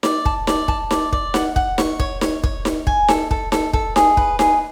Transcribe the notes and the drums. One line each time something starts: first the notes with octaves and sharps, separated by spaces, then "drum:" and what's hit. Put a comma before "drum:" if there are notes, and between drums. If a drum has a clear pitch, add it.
D5, drum: snare D#4
A5, drum: kick
D5, drum: snare D#4
A5, drum: kick
D5, drum: snare D#4
D5, drum: kick
F#5, drum: snare D#4
F#5, drum: kick
C#6, drum: snare D#4
C#5, drum: kick
C#5, drum: snare D#4
C#5, drum: kick
C#5, drum: snare D#4
G#5, drum: kick
A4, drum: snare D#4
A4, drum: kick
A4, drum: snare D#4
A4, drum: kick
G#4, drum: snare D#4
B4, drum: kick
G#4, drum: snare D#4